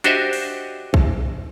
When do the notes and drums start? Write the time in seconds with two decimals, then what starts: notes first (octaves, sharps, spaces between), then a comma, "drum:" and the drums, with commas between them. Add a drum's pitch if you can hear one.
0.04 D4 F#4 G4 C5 D#5 E5, drum: hi-hat
0.33 drum: open hi-hat
0.94 drum: kick A#1